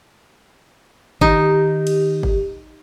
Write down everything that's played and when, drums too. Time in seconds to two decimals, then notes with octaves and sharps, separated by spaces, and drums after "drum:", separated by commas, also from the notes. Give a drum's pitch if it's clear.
1.21 D#3 D#4 G4, drum: kick G1
1.87 drum: cymbal
2.23 drum: kick G1